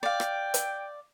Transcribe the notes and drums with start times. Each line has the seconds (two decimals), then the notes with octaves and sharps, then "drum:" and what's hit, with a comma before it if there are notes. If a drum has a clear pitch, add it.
0.03 D5 F5 G5
0.20 drum: rim click
0.54 drum: hi-hat